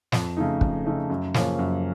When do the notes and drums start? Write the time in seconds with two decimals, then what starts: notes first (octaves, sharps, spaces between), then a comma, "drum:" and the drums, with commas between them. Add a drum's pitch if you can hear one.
0.12 F2, drum: snare
0.37 C#3 A3 D#4
0.61 F2, drum: kick
0.86 C#3 A3 D#4
1.10 F#2
1.34 C#3 F3 A#3 C#4, drum: snare
1.59 F#2